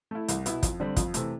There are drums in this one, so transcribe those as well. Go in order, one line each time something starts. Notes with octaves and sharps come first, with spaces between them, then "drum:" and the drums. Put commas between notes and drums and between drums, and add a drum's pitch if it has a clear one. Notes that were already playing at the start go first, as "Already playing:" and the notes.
A3 E4
C2, drum: hi-hat
B2 B3 E4, drum: hi-hat
F2, drum: kick, hi-hat
D3 G3 C4
F2, drum: kick, hi-hat
C3 E3 A3, drum: hi-hat